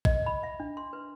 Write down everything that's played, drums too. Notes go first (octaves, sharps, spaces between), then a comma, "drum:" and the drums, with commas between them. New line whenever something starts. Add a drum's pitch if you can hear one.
D#5, drum: kick A#1
B5
E5
D4
C6
B4